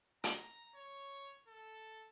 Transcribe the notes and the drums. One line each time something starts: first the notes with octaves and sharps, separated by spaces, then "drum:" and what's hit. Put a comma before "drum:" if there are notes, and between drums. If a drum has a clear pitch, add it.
A#5, drum: hi-hat
C#5
A4